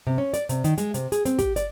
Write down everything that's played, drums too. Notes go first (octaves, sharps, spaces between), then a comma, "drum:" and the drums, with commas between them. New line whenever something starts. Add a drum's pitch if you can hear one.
C3
C#4
D5, drum: hi-hat
C3, drum: hi-hat
D#3, drum: hi-hat
G#3, drum: hi-hat
C3, drum: hi-hat
G#4, drum: hi-hat
C4, drum: hi-hat
G4, drum: kick, hi-hat
D5, drum: hi-hat